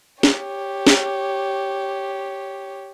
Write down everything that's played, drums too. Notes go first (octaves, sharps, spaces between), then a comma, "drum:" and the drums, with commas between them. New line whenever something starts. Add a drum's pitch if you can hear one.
G4 C#5, drum: snare
drum: snare